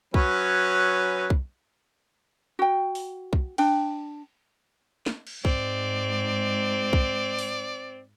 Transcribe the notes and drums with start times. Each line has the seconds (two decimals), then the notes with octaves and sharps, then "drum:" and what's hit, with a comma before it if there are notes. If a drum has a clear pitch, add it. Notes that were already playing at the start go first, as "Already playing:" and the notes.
0.14 F#3 C#4 B4, drum: kick B1
1.30 drum: kick B1
2.59 F#4 G5
2.95 drum: open hi-hat
3.33 drum: kick B1
3.58 D4 G5, drum: cymbal
5.06 drum: snare
5.27 drum: cymbal
5.45 G#2 C4 D5, drum: kick B1
6.93 drum: kick B1
7.39 drum: open hi-hat